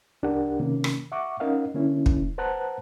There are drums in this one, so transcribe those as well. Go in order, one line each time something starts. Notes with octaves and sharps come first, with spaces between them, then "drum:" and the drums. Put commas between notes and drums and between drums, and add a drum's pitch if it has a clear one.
C2 D4 G4 A#4 F#5
C3 D#3 A#3 C#4
drum: rim click
E5 F#5 C#6 D6
C#4 D#4 A#4 D#5 F5 F#5
D3 A#3 C#4 E4
drum: kick
B4 C5 F#5 A5 A#5 F#6